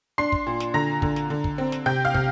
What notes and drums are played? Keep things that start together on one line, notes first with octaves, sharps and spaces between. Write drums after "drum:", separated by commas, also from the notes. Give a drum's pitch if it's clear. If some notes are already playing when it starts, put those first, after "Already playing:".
D4 C6 C7
drum: kick
A#2
drum: snare
D3 A#5 A#6
D3, drum: kick
drum: snare
D3
drum: kick
C4
drum: snare
C3 G5 G6
F5 F6
C3, drum: kick